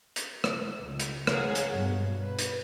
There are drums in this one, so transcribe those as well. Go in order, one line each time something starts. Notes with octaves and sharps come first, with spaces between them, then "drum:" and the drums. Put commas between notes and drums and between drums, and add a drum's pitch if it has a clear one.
drum: hi-hat
drum: rim click
C#2
drum: hi-hat
G#4 A#4 C#5 F5 F#5, drum: rim click
drum: hi-hat
G2 B2
B4
drum: hi-hat